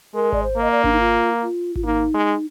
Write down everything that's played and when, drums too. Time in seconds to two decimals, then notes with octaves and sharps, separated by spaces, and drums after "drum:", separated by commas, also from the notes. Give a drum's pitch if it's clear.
0.14 G#3 A#4
0.32 D5, drum: kick G#1
0.43 C5
0.57 A#3 D#5
0.71 D5
0.84 D4, drum: kick G#1
0.93 D#4
1.00 F4
1.42 F4
1.76 F4, drum: kick G#1
1.85 A#3 D#4
2.14 G#3